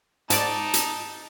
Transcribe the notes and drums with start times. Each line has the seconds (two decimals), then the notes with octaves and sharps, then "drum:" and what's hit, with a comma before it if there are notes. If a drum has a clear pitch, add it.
0.30 G#2 D#4 D5 A5, drum: hi-hat
0.74 drum: hi-hat